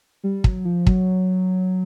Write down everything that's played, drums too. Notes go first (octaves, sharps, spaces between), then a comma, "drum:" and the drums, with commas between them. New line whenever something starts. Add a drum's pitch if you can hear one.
G3
F#3, drum: kick
F3
F#3, drum: kick